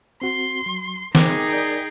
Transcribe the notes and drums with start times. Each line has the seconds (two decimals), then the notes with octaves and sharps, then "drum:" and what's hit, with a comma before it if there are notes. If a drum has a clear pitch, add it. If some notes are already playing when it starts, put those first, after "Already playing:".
0.22 C4 F#4 C6
0.66 F#3
1.15 D#4 G#4 A#4 G5 D6, drum: snare
1.48 A#4 D5 G5